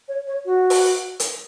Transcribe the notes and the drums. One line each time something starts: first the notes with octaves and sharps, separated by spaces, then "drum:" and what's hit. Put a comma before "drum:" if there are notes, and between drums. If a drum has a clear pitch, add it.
C#5
C#5
F#4
drum: open hi-hat
drum: hi-hat